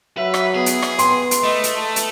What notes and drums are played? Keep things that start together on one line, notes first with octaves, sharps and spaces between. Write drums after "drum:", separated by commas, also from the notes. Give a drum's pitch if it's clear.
F#3 B4 E5
drum: rim click
B3 G#4
drum: hi-hat
drum: rim click
B3 B4 C6, drum: hi-hat
drum: hi-hat
A3 D#5
drum: hi-hat
A5
drum: hi-hat